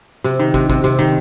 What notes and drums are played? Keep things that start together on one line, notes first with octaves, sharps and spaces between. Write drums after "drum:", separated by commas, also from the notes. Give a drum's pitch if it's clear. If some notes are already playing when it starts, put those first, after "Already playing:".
C3, drum: hi-hat
D#3
C3, drum: kick, hi-hat
C3, drum: kick, hi-hat
C3, drum: hi-hat
D#3, drum: hi-hat